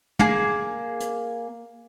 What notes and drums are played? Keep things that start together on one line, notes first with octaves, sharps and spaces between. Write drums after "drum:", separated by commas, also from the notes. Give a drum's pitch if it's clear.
A#3 G#4, drum: tom
drum: hi-hat